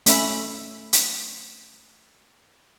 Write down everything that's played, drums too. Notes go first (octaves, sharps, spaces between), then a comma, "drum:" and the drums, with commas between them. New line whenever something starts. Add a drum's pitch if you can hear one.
A3 C#4 E5 B5, drum: hi-hat
drum: hi-hat